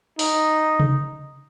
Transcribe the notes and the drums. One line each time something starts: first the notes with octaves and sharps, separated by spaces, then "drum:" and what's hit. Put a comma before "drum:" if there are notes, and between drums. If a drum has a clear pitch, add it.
D#4, drum: open hi-hat
drum: tom C3